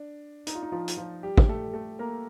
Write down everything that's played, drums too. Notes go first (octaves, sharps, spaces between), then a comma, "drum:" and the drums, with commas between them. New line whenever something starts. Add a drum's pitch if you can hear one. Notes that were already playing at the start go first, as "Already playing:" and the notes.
Already playing: D4
D#4, drum: hi-hat
F4
D#4
F3 F4
drum: hi-hat
F3 F4
G3 G4
drum: kick
A3 A4
A3 A4
A#3 A#4